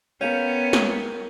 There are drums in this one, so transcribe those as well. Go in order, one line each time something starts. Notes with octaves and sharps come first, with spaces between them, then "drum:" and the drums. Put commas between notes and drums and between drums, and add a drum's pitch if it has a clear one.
B3 C#4 A#4 F5 G5
drum: snare